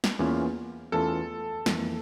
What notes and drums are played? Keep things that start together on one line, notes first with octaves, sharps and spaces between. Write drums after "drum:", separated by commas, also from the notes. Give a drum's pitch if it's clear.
drum: snare
E2 E3 A#3 C#4 F4
E2 E3 A3 C#4 F4 A4
F2 E3 A#3, drum: snare